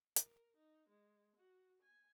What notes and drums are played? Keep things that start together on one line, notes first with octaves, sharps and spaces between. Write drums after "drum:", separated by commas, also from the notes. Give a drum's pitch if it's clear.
A#4, drum: hi-hat
D#4
G#3
F#4
G#5